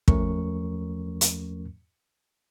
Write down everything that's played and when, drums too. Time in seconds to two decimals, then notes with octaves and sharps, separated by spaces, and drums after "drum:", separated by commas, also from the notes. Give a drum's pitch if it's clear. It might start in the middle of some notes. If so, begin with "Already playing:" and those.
0.08 E2 F3 A3 C#4 A#4 C#6, drum: kick
1.21 drum: hi-hat